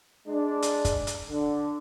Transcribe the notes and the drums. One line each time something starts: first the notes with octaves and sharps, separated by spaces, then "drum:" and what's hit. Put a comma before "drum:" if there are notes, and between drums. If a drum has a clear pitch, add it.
G#3 D4
drum: hi-hat
drum: kick, hi-hat
drum: hi-hat
D3